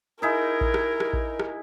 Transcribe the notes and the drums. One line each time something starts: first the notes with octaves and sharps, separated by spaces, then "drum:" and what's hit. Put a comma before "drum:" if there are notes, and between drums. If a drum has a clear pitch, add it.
D#4 E4 G#4 A#4
drum: kick A#1
drum: rim click
drum: rim click
drum: kick A#1
drum: rim click